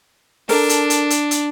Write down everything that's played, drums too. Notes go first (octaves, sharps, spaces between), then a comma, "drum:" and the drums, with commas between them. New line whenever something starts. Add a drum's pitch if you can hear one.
D4 A4 A#4, drum: open hi-hat
drum: hi-hat
drum: hi-hat
drum: hi-hat
drum: hi-hat